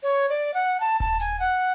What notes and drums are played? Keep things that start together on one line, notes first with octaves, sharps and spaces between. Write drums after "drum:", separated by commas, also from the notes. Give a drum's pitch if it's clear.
C#5
D5
F#5
A5
A5, drum: kick D#1
G#5, drum: hi-hat
F#5